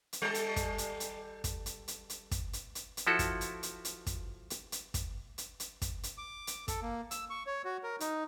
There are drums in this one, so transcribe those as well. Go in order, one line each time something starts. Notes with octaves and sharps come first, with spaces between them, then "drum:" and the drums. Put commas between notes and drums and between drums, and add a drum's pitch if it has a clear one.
drum: hi-hat
G3 A4
drum: hi-hat
drum: kick, hi-hat
drum: hi-hat
drum: hi-hat
drum: kick, hi-hat
drum: hi-hat
drum: hi-hat
drum: hi-hat
drum: kick, hi-hat
drum: hi-hat
drum: hi-hat
drum: hi-hat
F3 E4 F#4 A4
drum: kick, hi-hat
drum: hi-hat
drum: hi-hat
drum: hi-hat
drum: kick, hi-hat
drum: hi-hat
drum: hi-hat
drum: kick, hi-hat
drum: hi-hat
drum: hi-hat
drum: kick, hi-hat
drum: hi-hat
D6
drum: hi-hat
A4, drum: kick, hi-hat
A#3
E6, drum: hi-hat
C#6
C#5
F#4
A#4
D#4, drum: hi-hat